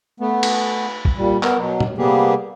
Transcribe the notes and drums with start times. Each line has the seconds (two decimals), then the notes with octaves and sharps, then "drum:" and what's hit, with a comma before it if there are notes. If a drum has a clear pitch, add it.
0.20 A3 B3
0.43 drum: cymbal
1.05 drum: kick
1.18 A#2 G3
1.43 B3 A#4, drum: clap
1.58 B2 F#3
1.80 drum: tom
1.98 C3 G3 A#3 B3 G4 G#4